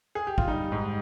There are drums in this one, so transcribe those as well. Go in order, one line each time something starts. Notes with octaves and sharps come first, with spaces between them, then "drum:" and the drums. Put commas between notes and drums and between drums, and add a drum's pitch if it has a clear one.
G#4
G4
F4, drum: kick
G3 D#4
G#2